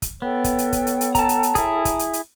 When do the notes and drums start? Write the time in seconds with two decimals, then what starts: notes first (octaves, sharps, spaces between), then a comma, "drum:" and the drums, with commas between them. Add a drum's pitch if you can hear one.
0.02 drum: kick, hi-hat
0.22 B3 A4 C#5 G5
0.44 drum: kick, hi-hat
0.58 drum: hi-hat
0.73 drum: kick, hi-hat
0.87 drum: hi-hat
1.01 drum: hi-hat
1.15 A5 A#5, drum: kick, hi-hat
1.29 drum: hi-hat
1.43 drum: hi-hat
1.55 E4 G#4, drum: kick, hi-hat
1.85 drum: kick, hi-hat
1.99 drum: hi-hat
2.13 drum: hi-hat